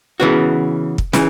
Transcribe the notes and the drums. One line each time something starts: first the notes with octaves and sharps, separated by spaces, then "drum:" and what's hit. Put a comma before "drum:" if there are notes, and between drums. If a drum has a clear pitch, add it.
C#3 E3 B3 F#4
drum: kick
C#3 E3, drum: snare